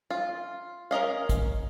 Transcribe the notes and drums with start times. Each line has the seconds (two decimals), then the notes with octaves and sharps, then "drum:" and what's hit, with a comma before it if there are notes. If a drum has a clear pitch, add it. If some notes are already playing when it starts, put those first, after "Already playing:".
0.10 F4
0.91 C#4 A#4 D#5 F5
1.29 drum: kick, hi-hat